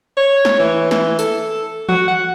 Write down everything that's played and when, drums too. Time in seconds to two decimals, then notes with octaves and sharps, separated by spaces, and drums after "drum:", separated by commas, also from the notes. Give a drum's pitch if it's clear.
0.17 C#5
0.45 drum: snare
0.59 E3
0.91 E3, drum: snare
1.19 A4, drum: tambourine
1.89 F#4, drum: tom E3
2.08 F#5